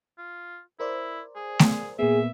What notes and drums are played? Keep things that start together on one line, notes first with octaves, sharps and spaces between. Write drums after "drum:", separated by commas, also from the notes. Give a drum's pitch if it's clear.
F4
E4 A#4 C5 D5
G#4
drum: snare A3
A#2 A#3 B3 G#4 E5